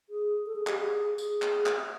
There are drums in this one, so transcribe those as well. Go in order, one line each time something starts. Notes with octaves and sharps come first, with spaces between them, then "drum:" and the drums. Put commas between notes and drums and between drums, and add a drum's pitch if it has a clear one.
G#4
A4
G#4
G4, drum: clap
G#4
G#4, drum: tambourine
drum: clap
drum: clap